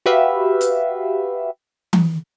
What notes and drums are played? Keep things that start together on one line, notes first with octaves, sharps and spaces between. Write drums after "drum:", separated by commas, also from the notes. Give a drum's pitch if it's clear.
F#4 G4 B4 E5 F5
drum: hi-hat
drum: tom E3